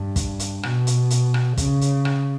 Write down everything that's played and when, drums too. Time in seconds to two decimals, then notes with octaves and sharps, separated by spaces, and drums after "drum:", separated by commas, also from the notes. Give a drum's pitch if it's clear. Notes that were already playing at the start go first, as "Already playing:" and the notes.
Already playing: G2
0.16 drum: kick, hi-hat
0.39 drum: hi-hat
0.63 B2, drum: rim click
0.87 drum: hi-hat
1.10 drum: hi-hat
1.34 drum: rim click
1.57 C#3, drum: kick, hi-hat
1.81 drum: hi-hat
2.05 drum: rim click